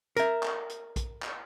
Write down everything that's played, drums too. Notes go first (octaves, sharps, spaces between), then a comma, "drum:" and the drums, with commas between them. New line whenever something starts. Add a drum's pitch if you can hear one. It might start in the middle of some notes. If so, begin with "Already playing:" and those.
A#4 E5, drum: hi-hat
drum: clap
drum: hi-hat
drum: kick A#1, hi-hat
drum: clap